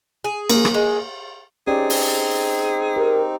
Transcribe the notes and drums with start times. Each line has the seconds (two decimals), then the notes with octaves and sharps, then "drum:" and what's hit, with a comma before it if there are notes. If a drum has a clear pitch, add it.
0.24 G#4
0.50 A#3, drum: cymbal
0.65 drum: rim click
0.74 G#3
1.67 C4 C#4 D#4 G4 G#4 D5
1.90 drum: open hi-hat
2.96 G4 A#4